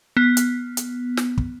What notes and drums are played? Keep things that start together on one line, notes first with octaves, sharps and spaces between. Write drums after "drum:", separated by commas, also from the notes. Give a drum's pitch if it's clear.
B3
drum: hi-hat
drum: hi-hat
drum: snare
drum: kick